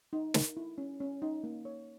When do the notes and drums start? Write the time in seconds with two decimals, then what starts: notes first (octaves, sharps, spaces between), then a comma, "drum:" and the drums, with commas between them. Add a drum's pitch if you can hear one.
0.13 D#4
0.34 A#4, drum: snare
0.57 E4
0.78 C#4
1.00 C#4
1.22 D#4
1.44 A#3
1.65 C#5